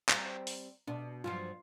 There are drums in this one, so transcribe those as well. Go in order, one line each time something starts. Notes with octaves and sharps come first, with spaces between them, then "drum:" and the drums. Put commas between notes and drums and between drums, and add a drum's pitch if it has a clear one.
G3 C4 A#5, drum: clap
drum: open hi-hat
B2 D4
G2 F3 F#3 F4